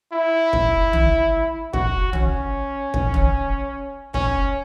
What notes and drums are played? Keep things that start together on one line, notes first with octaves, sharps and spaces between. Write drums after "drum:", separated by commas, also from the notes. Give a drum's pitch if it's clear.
E4
drum: kick
drum: tom
F#4, drum: kick
C#4, drum: tom
drum: kick
drum: tom
C#4, drum: kick